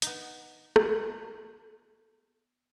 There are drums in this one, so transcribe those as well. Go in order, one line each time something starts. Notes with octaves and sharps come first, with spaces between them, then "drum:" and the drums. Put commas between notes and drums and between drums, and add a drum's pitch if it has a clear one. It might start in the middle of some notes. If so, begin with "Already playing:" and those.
B3 D#4, drum: hi-hat
drum: rim click